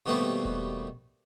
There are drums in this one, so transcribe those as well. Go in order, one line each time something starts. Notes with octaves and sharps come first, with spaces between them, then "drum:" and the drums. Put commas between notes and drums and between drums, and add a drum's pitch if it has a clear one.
D#2 B2 G3 A3 B3 C4
drum: kick E1